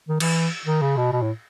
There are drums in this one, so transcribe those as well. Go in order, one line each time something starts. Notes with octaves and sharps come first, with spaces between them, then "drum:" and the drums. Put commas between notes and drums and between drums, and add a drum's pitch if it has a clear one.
D#3
E3, drum: cymbal
D#3
C#3
B2
B2
A2